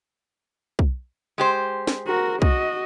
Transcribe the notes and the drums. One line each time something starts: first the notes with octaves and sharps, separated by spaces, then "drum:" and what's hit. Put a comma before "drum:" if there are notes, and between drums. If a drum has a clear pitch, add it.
drum: kick
G#3 G4 C5
drum: snare
F#4 A#4
F#4 D#5, drum: kick